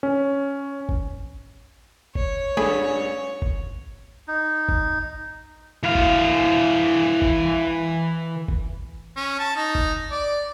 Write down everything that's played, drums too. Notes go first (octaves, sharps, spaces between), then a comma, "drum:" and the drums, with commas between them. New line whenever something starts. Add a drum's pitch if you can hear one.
C#4
drum: kick G1
C#5, drum: kick G1
G2 A#2 A3 C#4 G#4 G#5 B5
drum: kick G1
D#4
drum: kick G1
E3 F5
drum: kick G1
drum: kick G1
drum: kick G1
C#4
A5
D#4
drum: kick G1
D5